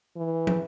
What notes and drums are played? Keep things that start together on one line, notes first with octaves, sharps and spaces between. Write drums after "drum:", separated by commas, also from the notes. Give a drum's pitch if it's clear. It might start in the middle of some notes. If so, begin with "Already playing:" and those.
E3
drum: tom